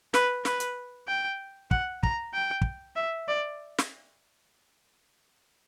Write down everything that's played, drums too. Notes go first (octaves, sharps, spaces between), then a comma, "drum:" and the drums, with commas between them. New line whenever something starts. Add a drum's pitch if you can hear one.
B4, drum: snare
B4, drum: snare
drum: hi-hat
G5
F#5, drum: kick
A#5, drum: kick
G5
drum: kick
E5
D5
drum: snare